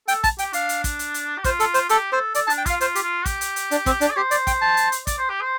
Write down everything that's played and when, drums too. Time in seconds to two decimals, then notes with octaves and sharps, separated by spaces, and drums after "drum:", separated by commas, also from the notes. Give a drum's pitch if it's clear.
0.08 A4 G5, drum: hi-hat
0.24 A5, drum: kick, hi-hat
0.38 G4 G5, drum: hi-hat
0.53 D4 F5, drum: hi-hat
0.69 drum: hi-hat
0.84 drum: kick, hi-hat
0.99 drum: hi-hat
1.14 drum: hi-hat
1.38 G4
1.44 F4 C5, drum: kick, hi-hat
1.60 A4, drum: hi-hat
1.74 C5, drum: hi-hat
1.89 G4 A4, drum: hi-hat
2.12 A4 C5
2.35 A4 D5, drum: hi-hat
2.47 A5
2.50 D4, drum: hi-hat
2.58 G5
2.66 F4 F5, drum: kick, hi-hat
2.81 F4 C5, drum: hi-hat
2.95 G4, drum: hi-hat
3.03 F4
3.26 G4, drum: kick, hi-hat
3.41 drum: hi-hat
3.56 drum: hi-hat
3.71 D4, drum: hi-hat
3.86 C4, drum: kick, hi-hat
4.01 D4, drum: hi-hat
4.11 D5
4.17 G4 C5
4.31 D5, drum: hi-hat
4.47 G5, drum: kick, hi-hat
4.61 A5
4.77 drum: hi-hat
4.92 drum: hi-hat
5.07 D5, drum: kick, hi-hat
5.19 C5
5.29 G4
5.41 C5